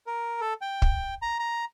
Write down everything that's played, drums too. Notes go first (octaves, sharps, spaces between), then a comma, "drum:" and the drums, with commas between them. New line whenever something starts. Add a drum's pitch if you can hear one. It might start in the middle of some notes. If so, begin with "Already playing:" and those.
A#4
A4
G5
drum: kick
A#5
A#5